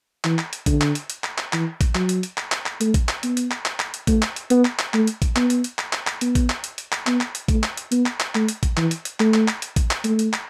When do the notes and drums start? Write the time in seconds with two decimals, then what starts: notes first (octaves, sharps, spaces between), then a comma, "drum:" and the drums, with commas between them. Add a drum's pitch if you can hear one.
0.24 E3, drum: clap
0.39 drum: clap
0.53 drum: hi-hat
0.66 D3, drum: kick A1, hi-hat
0.81 drum: clap
0.95 drum: hi-hat
1.10 drum: hi-hat
1.24 drum: clap
1.38 drum: clap
1.53 E3, drum: clap
1.81 drum: kick A1, hi-hat
1.95 F#3, drum: clap
2.09 drum: hi-hat
2.23 drum: hi-hat
2.37 drum: clap
2.52 drum: clap
2.66 drum: clap
2.81 A3, drum: hi-hat
2.94 drum: kick A1, hi-hat
3.09 drum: clap
3.23 B3, drum: hi-hat
3.37 drum: hi-hat
3.51 drum: clap
3.65 drum: clap
3.80 drum: clap
3.94 drum: hi-hat
4.07 A3, drum: kick A1, hi-hat
4.22 drum: clap
4.36 drum: hi-hat
4.50 B3, drum: hi-hat
4.65 drum: clap
4.79 drum: clap
4.94 A3, drum: clap
5.07 drum: hi-hat
5.22 drum: kick A1, hi-hat
5.36 B3, drum: clap
5.50 drum: hi-hat
5.64 drum: hi-hat
5.79 drum: clap
5.93 drum: clap
6.07 drum: clap
6.21 B3, drum: hi-hat
6.35 drum: kick A1, hi-hat
6.50 drum: clap
6.64 drum: hi-hat
6.78 drum: hi-hat
6.92 drum: clap
7.07 B3, drum: clap
7.21 drum: clap
7.35 drum: hi-hat
7.48 A3, drum: kick A1, hi-hat
7.63 drum: clap
7.77 drum: hi-hat
7.92 B3, drum: hi-hat
8.06 drum: clap
8.20 drum: clap
8.35 A3, drum: clap
8.49 drum: hi-hat
8.63 drum: kick A1, hi-hat
8.77 E3, drum: clap
8.91 drum: hi-hat
9.05 drum: hi-hat
9.20 A3, drum: clap
9.34 drum: clap
9.48 drum: clap
9.62 drum: hi-hat
9.76 drum: kick A1, hi-hat
9.91 drum: clap
10.04 A3, drum: hi-hat
10.19 drum: hi-hat
10.33 drum: clap